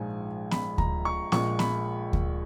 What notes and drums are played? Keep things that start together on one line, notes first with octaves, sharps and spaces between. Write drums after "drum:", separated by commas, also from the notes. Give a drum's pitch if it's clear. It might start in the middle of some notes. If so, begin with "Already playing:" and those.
Already playing: A#1 G#2 F3 G#3 G#5
B5, drum: snare B3
A#5, drum: kick D2
C#6
A#1 A#2 G#3 C#6, drum: snare B3
B5, drum: snare B3
drum: kick D2